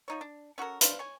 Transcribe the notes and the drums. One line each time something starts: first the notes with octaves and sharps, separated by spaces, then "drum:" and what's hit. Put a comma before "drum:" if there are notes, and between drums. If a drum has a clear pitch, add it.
F3 D#4 C#5
D4
C#4 F#4 A4 A#4
D4 B4 C5 F5, drum: hi-hat
C#5 G#5